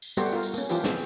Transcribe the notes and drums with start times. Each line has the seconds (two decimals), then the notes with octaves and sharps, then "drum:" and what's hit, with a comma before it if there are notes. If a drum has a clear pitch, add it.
0.02 drum: tambourine
0.17 G3 A3 B3 F#4 G4 C5, drum: tambourine
0.33 F4 A#4
0.43 drum: tambourine
0.54 A#3 C#4, drum: tambourine
0.69 E3 F3 A#3 F4 G4 B4, drum: tambourine
0.84 B3 C4 G#4, drum: snare